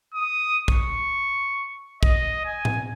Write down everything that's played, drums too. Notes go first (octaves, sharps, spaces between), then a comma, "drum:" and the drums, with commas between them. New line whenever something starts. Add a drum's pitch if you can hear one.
D#6
C#6, drum: kick
D#5, drum: kick
G#5
drum: tom A2